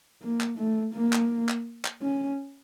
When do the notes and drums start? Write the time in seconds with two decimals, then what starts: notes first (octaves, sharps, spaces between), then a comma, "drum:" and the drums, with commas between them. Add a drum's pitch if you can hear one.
0.23 A#3
0.41 drum: clap
0.58 A3
0.95 A#3
1.13 drum: clap
1.49 drum: clap
1.85 drum: clap
2.03 C#4